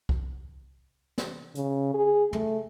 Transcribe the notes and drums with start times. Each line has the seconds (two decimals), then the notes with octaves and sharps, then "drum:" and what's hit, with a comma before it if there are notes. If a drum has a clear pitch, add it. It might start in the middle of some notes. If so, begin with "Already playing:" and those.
0.09 drum: kick C2
1.18 drum: snare
1.55 C#3, drum: hi-hat
1.94 G#4
2.33 A3, drum: tom